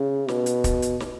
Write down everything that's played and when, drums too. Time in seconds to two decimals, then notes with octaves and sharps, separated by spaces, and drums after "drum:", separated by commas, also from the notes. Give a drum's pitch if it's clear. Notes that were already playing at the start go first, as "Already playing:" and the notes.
Already playing: C#3
0.28 B2, drum: snare
0.46 drum: hi-hat
0.64 drum: kick, hi-hat
0.82 drum: hi-hat
1.00 drum: snare